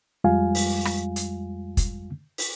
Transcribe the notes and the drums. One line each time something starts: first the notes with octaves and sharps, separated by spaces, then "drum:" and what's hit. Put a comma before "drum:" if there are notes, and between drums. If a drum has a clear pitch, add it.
F2 G3 G#3 F4 F5 G#5
drum: open hi-hat
drum: rim click
drum: hi-hat
drum: kick, hi-hat
drum: open hi-hat